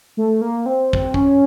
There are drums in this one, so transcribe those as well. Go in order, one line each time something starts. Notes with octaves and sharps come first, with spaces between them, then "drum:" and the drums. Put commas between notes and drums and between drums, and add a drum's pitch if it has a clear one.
A3
A#3
C4
drum: kick
C#4, drum: kick